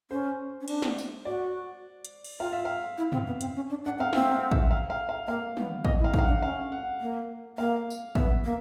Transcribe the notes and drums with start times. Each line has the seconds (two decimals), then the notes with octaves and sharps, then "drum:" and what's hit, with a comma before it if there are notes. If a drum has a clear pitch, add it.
0.11 C#4 C5
0.61 C#4
0.68 D4, drum: cymbal
0.82 drum: snare
0.98 drum: tambourine
1.25 F#4 D5
2.05 drum: hi-hat
2.24 drum: cymbal
2.40 F4 F5
2.53 E5
2.65 F5
2.97 E4
3.12 C4, drum: tom
3.27 B3
3.41 C4, drum: hi-hat
3.55 C#4
3.70 D4
3.84 D4 F#5
3.98 C4 F5
4.13 C4 E5, drum: snare
4.31 F5
4.51 E5, drum: kick
4.71 F5
4.90 F5
5.09 F5
5.27 A#3 F5
5.57 B3, drum: tom
5.85 C4 D#5, drum: kick
5.99 E4
6.04 F5
6.14 D#4, drum: kick
6.19 F5
6.24 F#5
6.28 D4
6.42 C#4 F5
6.72 F#5
7.01 A#3
7.58 A#3 F5
7.90 drum: tambourine
8.15 B3 E5, drum: kick
8.44 A#3